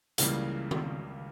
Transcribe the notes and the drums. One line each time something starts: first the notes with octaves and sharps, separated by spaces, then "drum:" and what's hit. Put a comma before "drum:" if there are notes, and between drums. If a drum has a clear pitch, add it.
C#2 C#3 E3 G3 A#3, drum: hi-hat
drum: tom